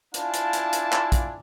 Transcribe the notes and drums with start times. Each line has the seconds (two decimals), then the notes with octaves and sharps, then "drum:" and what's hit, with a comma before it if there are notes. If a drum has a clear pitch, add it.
0.14 D4 E4 F4 F5 G#5 A5, drum: hi-hat
0.34 drum: hi-hat
0.53 drum: hi-hat
0.73 drum: hi-hat
0.92 drum: clap
1.12 drum: kick, hi-hat